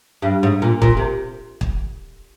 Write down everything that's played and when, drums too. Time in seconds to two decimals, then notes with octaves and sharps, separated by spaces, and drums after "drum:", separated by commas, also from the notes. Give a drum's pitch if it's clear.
0.22 G2
0.43 G#2
0.62 A#2
0.82 A#2, drum: kick
0.97 C3
1.61 drum: kick